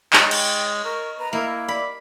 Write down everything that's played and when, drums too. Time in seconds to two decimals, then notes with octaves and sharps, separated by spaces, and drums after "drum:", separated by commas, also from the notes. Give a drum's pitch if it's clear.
0.13 G#3 D#4 C#5 G5, drum: clap
0.31 drum: cymbal
0.84 A#4 C#6
1.19 B4 A#5
1.33 A#3 E4 A#4
1.68 D5 B5